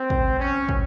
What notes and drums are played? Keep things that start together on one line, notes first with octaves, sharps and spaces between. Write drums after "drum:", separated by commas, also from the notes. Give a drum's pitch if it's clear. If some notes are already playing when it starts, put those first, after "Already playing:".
Already playing: C4
drum: kick
C#4
drum: kick